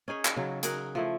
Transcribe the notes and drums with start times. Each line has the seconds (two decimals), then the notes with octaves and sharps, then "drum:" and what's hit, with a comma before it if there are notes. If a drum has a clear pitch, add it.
0.08 C#4 D#4 G#4 C#5
0.25 drum: clap
0.36 C#3 F#3
0.63 F#3 G#4 A#4 F#5, drum: hi-hat
0.95 F3 A3 E4